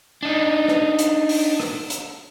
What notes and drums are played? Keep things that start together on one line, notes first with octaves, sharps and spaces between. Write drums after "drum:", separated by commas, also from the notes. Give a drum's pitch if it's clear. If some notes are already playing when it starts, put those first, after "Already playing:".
D4 D#4
drum: rim click
drum: hi-hat
drum: open hi-hat
drum: rim click
drum: hi-hat